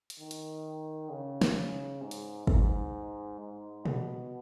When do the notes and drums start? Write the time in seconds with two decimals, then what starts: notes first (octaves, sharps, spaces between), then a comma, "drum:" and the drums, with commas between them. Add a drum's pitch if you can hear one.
0.10 drum: hi-hat
0.19 D#3
0.31 drum: hi-hat
1.10 C#3
1.42 drum: snare
2.02 G#2
2.11 drum: hi-hat
2.47 G#2, drum: kick
3.40 G#2
3.85 B2, drum: tom A#2